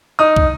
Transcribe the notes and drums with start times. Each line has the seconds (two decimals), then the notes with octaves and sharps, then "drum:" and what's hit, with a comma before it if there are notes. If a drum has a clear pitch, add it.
0.19 D#4 D#6
0.36 drum: kick